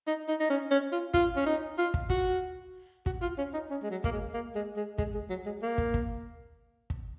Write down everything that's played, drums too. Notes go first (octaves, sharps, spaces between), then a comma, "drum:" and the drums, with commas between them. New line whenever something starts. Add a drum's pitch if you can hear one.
D#4
D#4
D#4
C#4
C#4
F4
F4, drum: kick
C#4
D#4
F4
drum: kick
F#4, drum: kick
F#4, drum: kick
F4
C#4
D#4
C#4
G#3
F#3
A#3, drum: kick
G#3
A#3
G#3
G#3
G#3, drum: kick
G#3
F#3
G#3
A#3
drum: kick
drum: kick
drum: kick